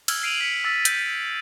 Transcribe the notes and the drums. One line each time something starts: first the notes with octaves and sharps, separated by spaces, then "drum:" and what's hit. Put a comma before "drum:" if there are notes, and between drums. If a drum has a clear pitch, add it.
E6 F6 G#6, drum: cymbal
C7 D7 D#7 F7 F#7
B6 C#7
E6 A6 B6
G6, drum: hi-hat